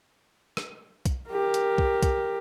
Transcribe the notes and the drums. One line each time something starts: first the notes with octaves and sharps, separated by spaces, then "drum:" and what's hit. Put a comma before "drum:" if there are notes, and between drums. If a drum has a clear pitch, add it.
drum: rim click
drum: kick B1, hi-hat
G4 A#4
drum: hi-hat
drum: kick B1
drum: kick B1, hi-hat